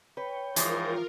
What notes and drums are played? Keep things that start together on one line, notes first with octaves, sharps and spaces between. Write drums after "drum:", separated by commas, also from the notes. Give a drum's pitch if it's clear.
B4 C#5 G5
G#2 E3 F3 F4 A#4, drum: hi-hat